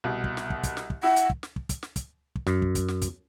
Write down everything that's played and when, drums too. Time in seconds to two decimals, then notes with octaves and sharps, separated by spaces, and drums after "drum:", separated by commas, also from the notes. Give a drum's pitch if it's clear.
0.04 C2 B2
0.24 drum: kick
0.37 drum: snare
0.50 drum: kick
0.64 drum: kick, hi-hat
0.77 drum: snare
0.90 drum: kick
1.03 E4 F#5
1.16 drum: hi-hat
1.30 drum: kick
1.43 drum: snare
1.56 drum: kick
1.69 drum: kick, hi-hat
1.83 drum: snare
1.96 drum: kick, hi-hat
2.36 drum: kick
2.47 F#2, drum: snare
2.62 drum: kick
2.75 drum: kick, hi-hat
2.88 drum: snare
3.02 drum: kick, hi-hat